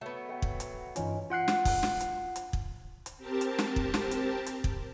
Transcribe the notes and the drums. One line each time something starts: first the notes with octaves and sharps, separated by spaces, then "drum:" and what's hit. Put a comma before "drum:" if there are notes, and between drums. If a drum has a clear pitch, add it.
F#3 A3 B3
F#5 G5 B5
drum: kick
drum: hi-hat
G2 E3 C#4 D#4 F4, drum: hi-hat
F4 F#5 F#6 C7
drum: snare
drum: kick, open hi-hat
drum: snare
drum: hi-hat
drum: hi-hat
drum: kick
drum: hi-hat
C4 G4 A#4 A5
drum: hi-hat
drum: snare
drum: kick
drum: snare
drum: hi-hat
drum: hi-hat
drum: kick